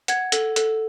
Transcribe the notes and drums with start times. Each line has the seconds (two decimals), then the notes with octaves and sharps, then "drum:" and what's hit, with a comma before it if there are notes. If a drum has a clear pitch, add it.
0.08 F#5 G#6, drum: hi-hat
0.32 A4, drum: hi-hat
0.56 A4, drum: hi-hat